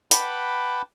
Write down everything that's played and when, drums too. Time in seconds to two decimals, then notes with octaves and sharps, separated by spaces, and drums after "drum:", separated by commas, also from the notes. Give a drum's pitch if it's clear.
0.11 B4 F#5 G5 A5 B5 D6, drum: hi-hat